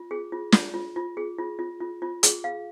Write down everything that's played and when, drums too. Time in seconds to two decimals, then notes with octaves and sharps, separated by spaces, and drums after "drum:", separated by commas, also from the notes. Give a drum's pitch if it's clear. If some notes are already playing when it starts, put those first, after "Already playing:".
Already playing: F4
0.11 G#4
0.32 F4
0.52 F4, drum: snare
0.74 F4
0.96 F4
1.17 G#4
1.38 F4
1.59 F4
1.80 F4
2.02 F4
2.23 G#4, drum: hi-hat
2.44 F5